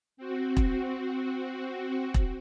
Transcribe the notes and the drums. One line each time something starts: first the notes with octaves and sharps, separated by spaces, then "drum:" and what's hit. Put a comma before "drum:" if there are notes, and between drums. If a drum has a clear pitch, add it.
C4 F#4
drum: kick E1
drum: kick E1